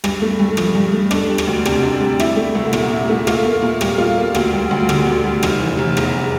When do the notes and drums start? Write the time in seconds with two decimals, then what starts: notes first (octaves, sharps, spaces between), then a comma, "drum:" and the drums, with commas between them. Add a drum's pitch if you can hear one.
0.04 G2, drum: rim click
0.22 A3
0.39 G2
0.57 F3, drum: rim click
0.75 G2
0.93 A3
1.11 D4, drum: rim click
1.29 G3
1.38 drum: rim click
1.47 D2
1.65 C3, drum: rim click
1.83 D4
2.01 G3
2.20 E4, drum: rim click
2.36 A3
2.55 C2
2.73 A#2, drum: rim click
2.91 E4
3.09 A3
3.27 F4, drum: rim click
3.45 A#3
3.62 A#2
3.81 G3, drum: rim click
3.98 F4
4.17 A#3
4.35 D2, drum: rim click
4.53 G3
4.71 D2
4.89 D3, drum: rim click
5.07 D2
5.25 G3
5.43 F1, drum: rim click
5.60 E3
5.79 F1
5.97 E2, drum: rim click